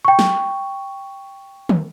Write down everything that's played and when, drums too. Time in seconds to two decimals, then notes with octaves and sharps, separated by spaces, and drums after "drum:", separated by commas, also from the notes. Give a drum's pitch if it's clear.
0.05 G5 C#6
0.19 drum: snare
1.69 drum: tom